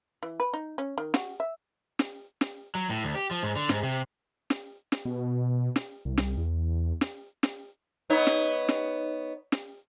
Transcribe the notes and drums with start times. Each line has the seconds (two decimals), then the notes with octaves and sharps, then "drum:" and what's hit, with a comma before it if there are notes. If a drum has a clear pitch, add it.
0.23 E3
0.40 B4
0.53 D#4
0.78 C#4
0.98 D#3
1.14 F#4, drum: snare
1.40 E5
1.99 drum: snare
2.41 drum: snare
2.75 F#3
2.90 A2
3.04 D2
3.15 G4
3.31 F3
3.43 G#2
3.56 D3
3.69 G#2, drum: snare
3.83 C3
4.50 drum: snare
4.92 drum: snare
5.05 B2
5.76 drum: snare
6.05 C2
6.18 drum: snare
6.37 E2
7.01 drum: snare
7.43 drum: snare
8.10 B3 D#4 C#5
8.27 drum: snare
8.69 drum: snare
9.52 drum: snare